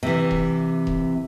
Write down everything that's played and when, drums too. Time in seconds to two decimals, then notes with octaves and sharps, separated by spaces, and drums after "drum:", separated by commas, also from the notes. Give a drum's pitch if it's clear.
0.03 C3 E3
0.31 drum: kick E1
0.87 drum: kick E1